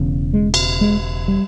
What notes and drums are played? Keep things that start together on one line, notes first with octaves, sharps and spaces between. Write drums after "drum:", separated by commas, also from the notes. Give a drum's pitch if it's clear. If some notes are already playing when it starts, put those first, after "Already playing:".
Already playing: E1 E2 C#3
G#3
drum: cymbal
G#3
G3